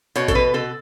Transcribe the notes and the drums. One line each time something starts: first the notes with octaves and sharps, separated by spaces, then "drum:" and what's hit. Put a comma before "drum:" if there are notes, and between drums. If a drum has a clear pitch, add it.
B2 C#5, drum: hi-hat
A4, drum: kick A1, hi-hat
B2 B4
B2 A4